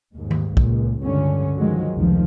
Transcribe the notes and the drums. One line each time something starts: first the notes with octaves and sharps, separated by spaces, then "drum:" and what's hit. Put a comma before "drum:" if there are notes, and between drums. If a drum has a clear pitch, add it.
D#2 G#2
drum: tom D#3
C#2 A#2, drum: kick
C#2 G2 D3 C#4
D#3 F3 F#3 G#3
F1 C#2 D#3 F3